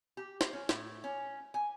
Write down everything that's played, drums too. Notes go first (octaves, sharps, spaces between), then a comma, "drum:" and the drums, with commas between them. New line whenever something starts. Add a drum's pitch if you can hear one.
G4
C5, drum: snare
C#4
A2, drum: snare
C#4
G#5